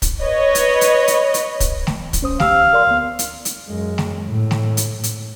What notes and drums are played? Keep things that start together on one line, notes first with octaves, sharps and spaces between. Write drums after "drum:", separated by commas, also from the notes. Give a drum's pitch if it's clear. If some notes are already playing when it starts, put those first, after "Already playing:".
drum: kick, hi-hat
B4 C#5 D#5
drum: hi-hat
drum: hi-hat
drum: hi-hat
drum: hi-hat
drum: kick, hi-hat
drum: snare A3
drum: kick, hi-hat
C#4 C5 D#6
C#2 G4 F5 E6, drum: snare A3
A#4 D5 C6
D2 B3
drum: hi-hat
drum: hi-hat
F#2 G#3
drum: snare A3
A2
drum: snare A3
drum: hi-hat
drum: hi-hat